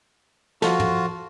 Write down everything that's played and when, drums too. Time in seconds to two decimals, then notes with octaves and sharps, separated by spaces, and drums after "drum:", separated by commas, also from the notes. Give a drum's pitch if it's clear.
0.62 F3 F4 F#4 A4, drum: snare
0.80 drum: tom